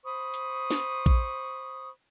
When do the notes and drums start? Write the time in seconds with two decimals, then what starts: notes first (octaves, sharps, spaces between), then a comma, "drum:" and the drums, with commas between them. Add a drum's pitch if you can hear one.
0.04 C5 B5 C#6 D#6
0.34 drum: hi-hat
0.71 drum: snare
1.06 drum: kick A#1